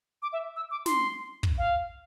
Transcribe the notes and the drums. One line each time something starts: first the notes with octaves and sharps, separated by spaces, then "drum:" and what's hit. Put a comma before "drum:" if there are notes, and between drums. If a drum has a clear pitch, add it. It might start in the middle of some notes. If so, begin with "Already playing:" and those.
D6
E5
E6
D6
C6, drum: snare
drum: kick
F5